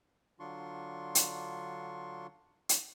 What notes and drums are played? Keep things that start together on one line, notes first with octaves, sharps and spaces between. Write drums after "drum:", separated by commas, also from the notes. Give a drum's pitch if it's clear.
D3 F#3 D4 F4 C6 C#6
drum: hi-hat
drum: hi-hat